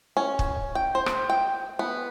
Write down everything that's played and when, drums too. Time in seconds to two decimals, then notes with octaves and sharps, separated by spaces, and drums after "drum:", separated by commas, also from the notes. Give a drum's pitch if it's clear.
0.17 C#4
0.39 drum: kick
0.75 G5
0.95 C5
1.06 drum: rim click
1.30 G5
1.79 B3